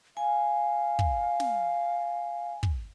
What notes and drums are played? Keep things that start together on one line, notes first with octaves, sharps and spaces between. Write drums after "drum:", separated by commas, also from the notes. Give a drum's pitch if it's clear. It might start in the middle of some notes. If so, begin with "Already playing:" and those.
F5 G#5
drum: kick
drum: snare
drum: kick